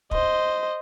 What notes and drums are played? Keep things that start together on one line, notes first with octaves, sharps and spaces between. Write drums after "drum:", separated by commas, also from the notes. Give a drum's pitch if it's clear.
C5 D#5, drum: kick